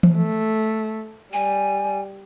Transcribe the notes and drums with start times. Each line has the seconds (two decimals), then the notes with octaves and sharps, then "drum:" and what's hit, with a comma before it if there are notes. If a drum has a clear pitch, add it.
0.03 drum: tom E3
0.16 A3
1.33 G3 G#5